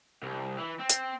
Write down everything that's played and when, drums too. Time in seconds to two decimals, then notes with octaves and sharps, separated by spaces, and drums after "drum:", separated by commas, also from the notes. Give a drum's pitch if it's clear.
0.23 C2
0.58 E3
0.80 C4
0.89 drum: hi-hat